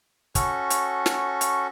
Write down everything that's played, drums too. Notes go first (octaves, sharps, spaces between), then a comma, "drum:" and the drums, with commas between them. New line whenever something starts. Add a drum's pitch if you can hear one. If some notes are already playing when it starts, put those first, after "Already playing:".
C#4 F#4 A4 C#6, drum: kick, hi-hat
drum: hi-hat
drum: snare
drum: hi-hat